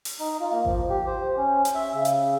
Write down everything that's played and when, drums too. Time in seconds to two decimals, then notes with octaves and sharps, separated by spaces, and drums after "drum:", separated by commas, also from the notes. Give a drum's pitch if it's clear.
0.05 drum: open hi-hat
0.20 D#4
0.40 F4
0.52 A#3
0.65 F3, drum: kick G#1
0.90 G4
1.07 C5
1.37 C#4
1.65 drum: hi-hat
1.75 E5
1.94 C#3
2.05 drum: hi-hat